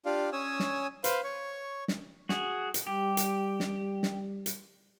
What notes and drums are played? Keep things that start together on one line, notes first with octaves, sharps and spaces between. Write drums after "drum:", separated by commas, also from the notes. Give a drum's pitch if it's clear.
D4 F4 G4 D5 F5
C#4 C#5 G#5 D#6 E6
drum: snare
B4 C5 F5, drum: hi-hat
C#5 C#6
drum: snare
F#4 G#4, drum: snare
drum: hi-hat
G3 G4
drum: hi-hat
drum: snare
drum: snare
drum: hi-hat